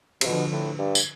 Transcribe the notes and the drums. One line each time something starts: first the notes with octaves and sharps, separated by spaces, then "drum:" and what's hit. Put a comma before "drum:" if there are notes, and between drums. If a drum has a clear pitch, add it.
C3, drum: cymbal
B2 D3 F3
A2
G2
drum: tambourine